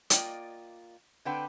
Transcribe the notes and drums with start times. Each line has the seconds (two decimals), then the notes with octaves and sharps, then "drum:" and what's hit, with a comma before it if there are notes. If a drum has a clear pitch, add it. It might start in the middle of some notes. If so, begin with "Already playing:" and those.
0.10 A#3 F4 D5 D#5 G5, drum: hi-hat
1.25 D3 C4 D4 B4 F#5 G5